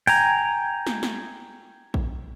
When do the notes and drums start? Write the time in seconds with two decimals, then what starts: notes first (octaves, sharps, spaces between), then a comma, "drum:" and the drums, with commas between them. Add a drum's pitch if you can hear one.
0.07 G5 G#5 A#5, drum: open hi-hat
0.87 drum: snare
1.03 drum: snare
1.94 drum: kick A#1